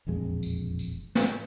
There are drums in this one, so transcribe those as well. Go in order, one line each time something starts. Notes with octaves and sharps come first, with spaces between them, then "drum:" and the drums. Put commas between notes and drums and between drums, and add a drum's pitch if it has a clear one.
E1 A#1 F2 G#3
drum: tambourine
drum: tambourine
drum: snare